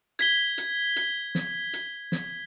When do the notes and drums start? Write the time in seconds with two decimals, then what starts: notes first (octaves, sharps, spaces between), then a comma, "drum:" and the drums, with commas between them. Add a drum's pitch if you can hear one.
0.19 G#6 B6 G7, drum: hi-hat
0.58 drum: hi-hat
0.96 drum: hi-hat
1.35 drum: snare
1.73 drum: hi-hat
2.12 drum: snare